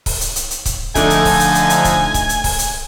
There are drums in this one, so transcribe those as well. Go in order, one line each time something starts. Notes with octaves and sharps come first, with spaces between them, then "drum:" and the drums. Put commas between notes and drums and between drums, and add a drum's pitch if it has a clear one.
drum: kick C#1, open hi-hat
drum: hi-hat
drum: hi-hat
drum: hi-hat
drum: kick C#1, hi-hat
D3 F3 A3 D4 D#4 A4 G#5, drum: kick C#1, hi-hat
drum: hi-hat
drum: kick C#1, open hi-hat
drum: hi-hat
drum: hi-hat
drum: hi-hat
drum: kick C#1, hi-hat
drum: kick C#1, hi-hat
drum: hi-hat
drum: kick C#1, open hi-hat
drum: hi-hat